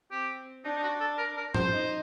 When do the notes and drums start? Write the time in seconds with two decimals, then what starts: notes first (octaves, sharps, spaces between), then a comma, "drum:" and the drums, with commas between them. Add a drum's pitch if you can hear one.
0.11 C4 G4
0.65 D4 D#4
0.76 D#4
0.83 F#4
1.01 A4
1.18 A#4
1.37 A#4
1.54 C5, drum: tom
1.72 D#4